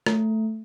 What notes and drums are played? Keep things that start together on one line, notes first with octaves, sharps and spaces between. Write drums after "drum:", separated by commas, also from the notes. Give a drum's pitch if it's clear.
A3, drum: rim click